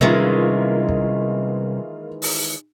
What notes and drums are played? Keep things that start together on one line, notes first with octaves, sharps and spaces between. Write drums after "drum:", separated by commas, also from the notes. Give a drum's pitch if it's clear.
C3 D#3 E3 G3 G#3 A#3 C#4 F4
drum: kick
drum: open hi-hat